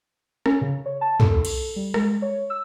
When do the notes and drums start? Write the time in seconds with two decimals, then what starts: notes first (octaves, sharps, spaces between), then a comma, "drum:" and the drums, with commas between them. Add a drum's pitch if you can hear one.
0.46 C#4, drum: rim click
0.61 C#3
0.86 C#5
1.01 A5
1.20 A4, drum: tom
1.45 drum: cymbal
1.76 G3
1.94 G#3, drum: rim click
2.22 C#5
2.50 E6